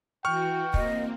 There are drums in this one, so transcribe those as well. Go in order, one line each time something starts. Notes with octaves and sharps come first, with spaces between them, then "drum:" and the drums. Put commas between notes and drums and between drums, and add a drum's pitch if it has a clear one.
E3 F#4 G5 C#6 F6
A#3 C4 D#5, drum: kick